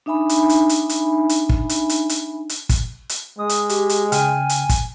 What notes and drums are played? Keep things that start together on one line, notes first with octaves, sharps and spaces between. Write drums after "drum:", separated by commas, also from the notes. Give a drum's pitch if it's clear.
D4 D#4 E5 G#5 B5
drum: hi-hat
drum: hi-hat
drum: hi-hat
drum: hi-hat
drum: hi-hat
drum: kick
drum: hi-hat
drum: hi-hat
drum: hi-hat
drum: hi-hat
drum: kick, hi-hat
drum: hi-hat
G#3 D#6
drum: hi-hat
G4, drum: hi-hat
drum: hi-hat
C#3 G5 G#5 F6, drum: hi-hat
drum: hi-hat
drum: kick, hi-hat